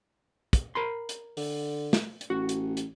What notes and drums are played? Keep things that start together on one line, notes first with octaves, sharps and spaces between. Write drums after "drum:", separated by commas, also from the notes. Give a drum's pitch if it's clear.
drum: kick, hi-hat
A#4 B5 C6
drum: hi-hat
D3, drum: open hi-hat
drum: snare
drum: hi-hat
A1 F#4
drum: hi-hat
drum: hi-hat